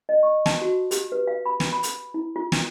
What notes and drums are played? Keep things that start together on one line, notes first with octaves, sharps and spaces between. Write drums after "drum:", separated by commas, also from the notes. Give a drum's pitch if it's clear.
D#5
C#6
A5, drum: snare
F#4
G4, drum: hi-hat
B4
F5
B5
drum: snare
B5
drum: hi-hat
E4
F4
drum: snare